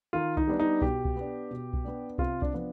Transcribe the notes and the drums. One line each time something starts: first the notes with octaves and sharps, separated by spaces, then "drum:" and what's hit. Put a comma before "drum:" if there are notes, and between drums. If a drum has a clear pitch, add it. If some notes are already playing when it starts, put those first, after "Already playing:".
D#3 F4
D#4, drum: kick C2
G3 B3 D4
D#4
B2 G4, drum: kick C2
drum: kick C2
B3 D4
B2
drum: kick C2
B3 D4
C3 F4, drum: kick C2
D4, drum: kick C2
F3 B3 D4